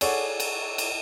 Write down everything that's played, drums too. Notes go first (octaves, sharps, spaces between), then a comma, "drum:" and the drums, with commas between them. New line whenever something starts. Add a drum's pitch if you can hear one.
G#4 A4 C#5 D5 F#5, drum: cymbal
drum: cymbal
drum: cymbal